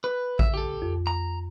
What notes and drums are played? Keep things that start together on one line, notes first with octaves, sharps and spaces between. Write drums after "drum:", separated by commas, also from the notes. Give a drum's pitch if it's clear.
B4
E5, drum: kick A1
G4 A4
F2
A#5